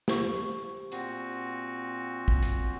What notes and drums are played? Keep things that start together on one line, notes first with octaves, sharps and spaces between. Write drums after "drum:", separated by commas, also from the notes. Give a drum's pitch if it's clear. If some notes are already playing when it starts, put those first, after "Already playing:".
G4 C5 C#6, drum: snare
A#2 C4 F#4, drum: hi-hat
drum: kick
drum: hi-hat